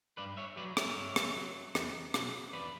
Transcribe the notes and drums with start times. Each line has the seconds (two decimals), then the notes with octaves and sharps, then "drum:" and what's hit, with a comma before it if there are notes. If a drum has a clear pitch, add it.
0.17 G2 B4 D5
0.37 C#5 E5
0.57 F#3 B4 D5
0.77 C#5 E5, drum: rim click
0.96 G2
1.16 drum: rim click
1.36 F#3
1.75 E2, drum: rim click
2.14 B2 F#3, drum: rim click
2.53 E2 B4 D5